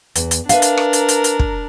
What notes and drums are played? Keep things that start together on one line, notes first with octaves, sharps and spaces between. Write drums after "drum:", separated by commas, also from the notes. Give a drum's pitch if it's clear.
E2, drum: hi-hat
drum: hi-hat
D4 A#4 B4 E5 F5, drum: hi-hat
drum: hi-hat
drum: rim click
drum: hi-hat
drum: hi-hat
drum: hi-hat
drum: kick